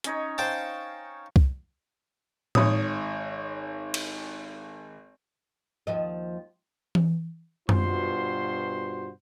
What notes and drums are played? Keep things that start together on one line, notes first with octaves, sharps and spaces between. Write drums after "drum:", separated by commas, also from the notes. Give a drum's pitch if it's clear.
C#4 D#4 C#5, drum: hi-hat
C5 F5 G5 A5
drum: kick C2
G#1 C#5 D#6, drum: tom A2
drum: cymbal
D#2 F3 D#5
drum: tom E3
G2 B2 F4 F#4 C5 C6, drum: tom F#2